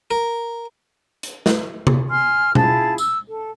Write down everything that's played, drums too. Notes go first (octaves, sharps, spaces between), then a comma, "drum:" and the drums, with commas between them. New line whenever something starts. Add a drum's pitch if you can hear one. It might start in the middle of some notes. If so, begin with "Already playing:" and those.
A#4
drum: hi-hat
drum: snare
drum: tom C3
G#5 C6 F6
E4 F4 G#4 A5, drum: tom B2
E6, drum: tambourine
A4